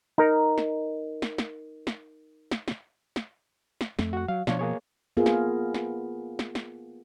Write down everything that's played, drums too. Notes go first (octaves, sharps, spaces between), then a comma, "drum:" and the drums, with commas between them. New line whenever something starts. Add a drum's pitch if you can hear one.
D#4 A#4
drum: snare
drum: snare
drum: snare
drum: snare
drum: snare
drum: snare
drum: snare
drum: snare
F2 A3, drum: snare
F#4 F#5
F#3 F5
B2 F3 D4 F4 C#5, drum: snare
A#3 G#4 C#5
A#3 B3 F4 G#4 A#4
drum: snare
drum: snare
drum: snare
drum: snare